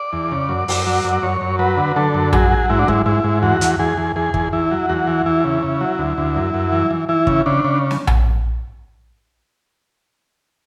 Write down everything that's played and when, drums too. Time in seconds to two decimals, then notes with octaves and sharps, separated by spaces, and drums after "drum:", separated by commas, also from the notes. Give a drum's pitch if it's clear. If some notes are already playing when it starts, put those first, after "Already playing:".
Already playing: D5
0.13 E2
0.32 C#3
0.49 F#2
0.68 F#2, drum: open hi-hat
0.87 F#3
1.05 F#2
1.13 D5
1.23 F#2 C#5
1.41 F#2
1.59 F#3 B4
1.77 D3
1.96 D3 A4
2.14 F#2
2.32 F#3 G#4, drum: tom A#1
2.51 F#3
2.69 G#2 E4
2.79 D4
2.88 G#2 E4, drum: kick
3.06 G#2 E4
3.24 G#2
3.42 E2 F#4
3.61 E2, drum: hi-hat
3.79 E2 G#4
3.97 E2
4.16 E2 G#4
4.34 E2, drum: kick
4.53 E2 E4
4.71 F#3
4.89 E2 F#4
5.07 E3
5.26 E2 E4
5.44 C#3
5.63 C#3
5.81 F#3
5.98 D2
6.18 D2
6.36 F#2
6.54 F#2
6.72 E3
6.91 E3
7.09 E3 E4
7.27 C#3, drum: kick
7.46 C#3 D4
7.64 C#3
7.91 drum: snare
8.07 drum: tom A#1